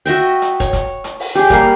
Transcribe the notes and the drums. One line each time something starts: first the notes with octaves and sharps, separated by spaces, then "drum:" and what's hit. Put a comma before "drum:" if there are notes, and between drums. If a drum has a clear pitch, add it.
F#4 D#5 E5 G5
drum: hi-hat
C#5, drum: kick, hi-hat
drum: kick, hi-hat
drum: hi-hat
drum: open hi-hat
G4 G#4, drum: hi-hat
G3 A#3 F5, drum: kick, hi-hat